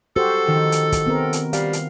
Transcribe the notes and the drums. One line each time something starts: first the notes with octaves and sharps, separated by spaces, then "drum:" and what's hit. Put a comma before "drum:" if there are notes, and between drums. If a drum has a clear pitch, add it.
F#4 G4 A4 C5
D#3 F4
drum: hi-hat
drum: kick, hi-hat
B3 C4 A#4
drum: hi-hat
G3 F5, drum: hi-hat
drum: hi-hat